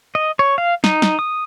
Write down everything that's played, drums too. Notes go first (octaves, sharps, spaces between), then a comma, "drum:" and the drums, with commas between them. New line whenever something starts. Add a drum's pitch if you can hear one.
D#5
C#5
F5
D#4, drum: snare
drum: snare
D#6